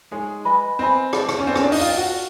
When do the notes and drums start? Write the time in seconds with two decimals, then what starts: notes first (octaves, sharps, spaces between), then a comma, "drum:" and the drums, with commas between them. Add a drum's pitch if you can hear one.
0.11 G#3 D#4 G#4 C#5 F#5
0.45 B4 D#5 G#5 B5
0.79 C4 B4 D#5 G#5 B5
1.13 B4 D5 F#5 A5, drum: rim click
1.29 drum: rim click
1.39 C#4
1.47 C4 B4 D5 F#5 A5
1.56 C#4, drum: rim click
1.64 D4
1.72 D#4, drum: open hi-hat
1.80 F4 A#4 D5 G5
1.97 F#4